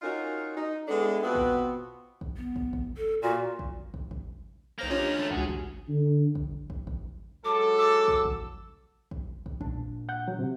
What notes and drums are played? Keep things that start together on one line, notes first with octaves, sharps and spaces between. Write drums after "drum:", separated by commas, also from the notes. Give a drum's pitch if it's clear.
C#4 D#4 F4 F#4 A#4
D#4
G#3 B3 D4 E4 A4
B2 B3 C4 F4 F#4
drum: kick
drum: kick
B3
drum: kick
drum: kick
A4
A#2 F#4
drum: kick
drum: kick
drum: kick
B1 A#3 D#4 C5 A#6
C#4 D4 F4 G4 C#5
C#2 A3
D2 G#3 C#4 F#4 G#4, drum: kick
drum: kick
D3
drum: kick
drum: kick
drum: kick
F#3 G#3 A4 D6
D6 E6
drum: kick
drum: kick
drum: kick
drum: kick
A#2 D4, drum: kick
F#5 G6
F#3
C3